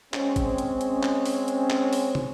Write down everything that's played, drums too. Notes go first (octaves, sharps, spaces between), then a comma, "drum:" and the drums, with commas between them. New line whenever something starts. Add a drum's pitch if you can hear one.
G#3 C4 C#4, drum: clap
drum: kick G#1, hi-hat
drum: hi-hat
drum: hi-hat
drum: clap
drum: open hi-hat
drum: hi-hat
drum: clap
drum: open hi-hat
drum: tom